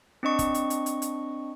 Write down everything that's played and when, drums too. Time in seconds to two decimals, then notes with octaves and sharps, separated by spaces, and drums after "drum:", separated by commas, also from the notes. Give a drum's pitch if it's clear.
0.23 C4 D4 D#5 C#6
0.39 drum: kick, hi-hat
0.54 drum: hi-hat
0.70 drum: hi-hat
0.86 drum: hi-hat
1.02 drum: hi-hat